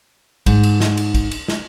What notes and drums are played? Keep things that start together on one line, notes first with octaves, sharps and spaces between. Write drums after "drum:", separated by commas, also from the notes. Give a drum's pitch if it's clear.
G#2, drum: kick, cymbal
drum: cymbal
drum: snare
drum: cymbal
drum: kick, cymbal
drum: cymbal
drum: snare